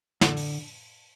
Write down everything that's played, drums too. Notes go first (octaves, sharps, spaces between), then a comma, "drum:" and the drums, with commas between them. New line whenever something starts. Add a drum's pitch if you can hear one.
D3, drum: snare
drum: open hi-hat